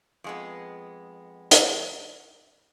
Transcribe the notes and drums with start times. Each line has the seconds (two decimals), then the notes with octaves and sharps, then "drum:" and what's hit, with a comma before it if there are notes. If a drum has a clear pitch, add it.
0.24 F2 G#3 B3
1.51 drum: hi-hat